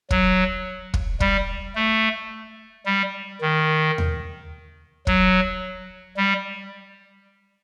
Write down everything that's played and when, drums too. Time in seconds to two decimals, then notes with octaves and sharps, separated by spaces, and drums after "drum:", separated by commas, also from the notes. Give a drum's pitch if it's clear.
0.10 F#3, drum: kick
0.94 drum: kick
1.20 G3, drum: kick
1.75 A3
2.86 G3
3.41 D#3
3.98 drum: tom D#2
5.07 F#3, drum: kick
6.17 G3